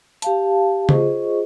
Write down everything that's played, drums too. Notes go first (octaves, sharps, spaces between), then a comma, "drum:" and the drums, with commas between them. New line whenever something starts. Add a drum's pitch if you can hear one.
G4 F5 A5, drum: hi-hat
F4 G#4 C5 D#5 C#6, drum: tom C#3